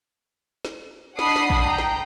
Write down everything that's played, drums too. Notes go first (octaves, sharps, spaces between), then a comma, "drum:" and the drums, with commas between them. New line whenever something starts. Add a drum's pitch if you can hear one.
drum: snare
D4 D#5 F#5 B5 D#6 C7, drum: snare
drum: snare
drum: kick
G5 A#5
drum: snare